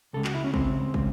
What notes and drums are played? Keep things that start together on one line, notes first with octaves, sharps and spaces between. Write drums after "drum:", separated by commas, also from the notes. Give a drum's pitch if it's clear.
C#2 C#3 G#3 A4
F#4, drum: clap
E4
C#4
C#2 C#3 G#3 C4, drum: kick
C#3 G#3, drum: kick